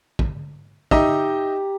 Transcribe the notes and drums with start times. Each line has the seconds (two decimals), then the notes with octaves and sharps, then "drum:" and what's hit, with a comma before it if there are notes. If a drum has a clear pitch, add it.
0.19 drum: kick
0.91 D#4 G4 D#5 E5 A#5, drum: kick